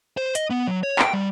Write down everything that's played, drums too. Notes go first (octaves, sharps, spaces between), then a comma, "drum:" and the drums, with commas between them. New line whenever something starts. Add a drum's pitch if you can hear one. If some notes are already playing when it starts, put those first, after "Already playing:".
C5
D#5, drum: hi-hat
B3
F#3
C#5
G5, drum: clap
G3